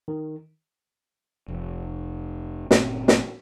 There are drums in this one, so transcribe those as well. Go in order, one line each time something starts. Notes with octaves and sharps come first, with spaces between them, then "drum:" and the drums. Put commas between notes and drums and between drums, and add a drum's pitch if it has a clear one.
D#3
F1
G1 A#2 C4 C#4, drum: snare
drum: snare